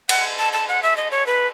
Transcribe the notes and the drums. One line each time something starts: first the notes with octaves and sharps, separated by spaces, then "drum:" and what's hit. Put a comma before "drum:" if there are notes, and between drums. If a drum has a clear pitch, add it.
F#5, drum: cymbal
A5
A5
F#5
E5
D#5
C#5
B4